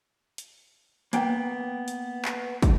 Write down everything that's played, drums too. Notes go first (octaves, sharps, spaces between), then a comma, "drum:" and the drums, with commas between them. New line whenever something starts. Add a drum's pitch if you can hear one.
drum: hi-hat
A#3 B3 G5, drum: hi-hat
drum: hi-hat
drum: clap
drum: kick, hi-hat